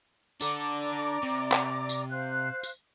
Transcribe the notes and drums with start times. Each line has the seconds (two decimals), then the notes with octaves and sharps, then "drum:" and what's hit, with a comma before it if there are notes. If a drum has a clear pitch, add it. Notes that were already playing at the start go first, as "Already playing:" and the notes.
0.41 D4 A4 D5 A#5 D6, drum: tambourine
1.23 C3
1.52 drum: clap
1.89 drum: tambourine
2.09 C5 F5 F#6
2.63 drum: tambourine